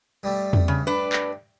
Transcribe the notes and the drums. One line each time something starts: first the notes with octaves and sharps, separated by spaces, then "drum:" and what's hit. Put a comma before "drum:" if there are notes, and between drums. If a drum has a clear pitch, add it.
G2 G3 A3
drum: tom E2
C#3
D4 B4
drum: clap